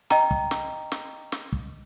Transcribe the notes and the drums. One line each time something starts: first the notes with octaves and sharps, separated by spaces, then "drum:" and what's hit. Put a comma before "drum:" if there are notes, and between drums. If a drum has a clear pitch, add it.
D#5 G5 A#5, drum: snare
drum: kick
drum: snare
drum: snare
drum: snare
drum: kick